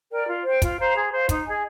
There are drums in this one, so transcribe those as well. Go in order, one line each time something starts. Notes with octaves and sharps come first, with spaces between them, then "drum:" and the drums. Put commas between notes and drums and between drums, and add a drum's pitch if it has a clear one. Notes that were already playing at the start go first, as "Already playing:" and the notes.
A#4 D5 G5
F4
C5 G5
F4, drum: kick, hi-hat
C5 F5 A#5
G#4
C5 F5
D#4, drum: kick, hi-hat
G#4 D#5 G#5